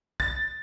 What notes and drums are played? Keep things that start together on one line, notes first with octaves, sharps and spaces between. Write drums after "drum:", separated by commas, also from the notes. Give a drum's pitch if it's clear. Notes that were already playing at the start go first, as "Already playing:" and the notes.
A6, drum: kick